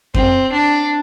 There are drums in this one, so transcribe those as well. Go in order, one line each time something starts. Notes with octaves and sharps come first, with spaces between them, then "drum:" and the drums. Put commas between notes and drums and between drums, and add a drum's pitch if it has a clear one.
C4, drum: kick F2
D4